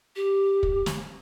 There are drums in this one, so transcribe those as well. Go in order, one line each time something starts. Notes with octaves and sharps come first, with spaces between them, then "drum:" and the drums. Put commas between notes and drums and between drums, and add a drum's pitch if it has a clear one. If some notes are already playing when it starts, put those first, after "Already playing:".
G4
drum: kick
drum: snare